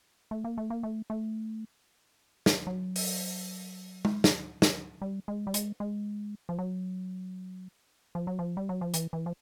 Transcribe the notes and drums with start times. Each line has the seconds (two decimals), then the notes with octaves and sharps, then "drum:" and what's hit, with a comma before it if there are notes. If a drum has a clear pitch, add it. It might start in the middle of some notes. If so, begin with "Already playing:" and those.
0.31 A3
0.44 A#3
0.58 A3
0.70 A#3
0.83 A3
1.10 A3
2.46 drum: snare
2.67 F#3
2.96 drum: open hi-hat
4.05 drum: tom G#3
4.24 drum: snare
4.62 drum: snare
5.02 G3
5.28 G#3
5.47 G3
5.54 G#3, drum: hi-hat
5.80 G#3
6.49 F3
6.59 F#3
8.15 F3
8.27 F#3
8.39 F3
8.57 G3
8.69 F#3
8.81 F3
8.94 E3, drum: hi-hat
9.13 E3
9.26 F3